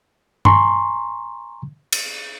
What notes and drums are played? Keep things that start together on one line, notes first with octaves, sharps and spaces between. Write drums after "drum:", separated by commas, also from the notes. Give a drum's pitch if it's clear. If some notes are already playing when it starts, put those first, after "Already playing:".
G#5 A#5 C6 C#6, drum: tom G2
drum: cymbal